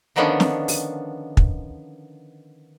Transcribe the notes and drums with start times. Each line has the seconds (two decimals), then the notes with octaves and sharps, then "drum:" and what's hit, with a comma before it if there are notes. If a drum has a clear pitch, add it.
0.16 D3 D#3 F3 B3 C#4 D4
0.40 drum: snare
0.68 drum: open hi-hat
1.37 drum: kick